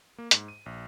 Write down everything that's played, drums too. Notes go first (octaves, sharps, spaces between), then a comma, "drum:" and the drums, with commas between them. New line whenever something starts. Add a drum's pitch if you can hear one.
A#3
G#2, drum: hi-hat
D#7
A#1